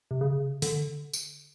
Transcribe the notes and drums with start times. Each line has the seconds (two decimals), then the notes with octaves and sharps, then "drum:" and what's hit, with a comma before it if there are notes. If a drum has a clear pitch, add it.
0.11 C3
0.21 C#3
0.62 D3, drum: open hi-hat
1.14 drum: tambourine